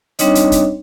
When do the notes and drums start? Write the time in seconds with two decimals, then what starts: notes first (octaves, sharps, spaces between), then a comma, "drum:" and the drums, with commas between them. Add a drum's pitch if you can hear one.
0.19 G3 C4 D4 D#4 C#5 D#5, drum: hi-hat
0.35 drum: hi-hat
0.52 drum: kick, hi-hat